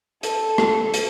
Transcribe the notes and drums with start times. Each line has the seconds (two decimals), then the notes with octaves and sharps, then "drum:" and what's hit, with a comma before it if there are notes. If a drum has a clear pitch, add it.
0.23 A4, drum: hi-hat
0.58 drum: rim click
0.94 drum: hi-hat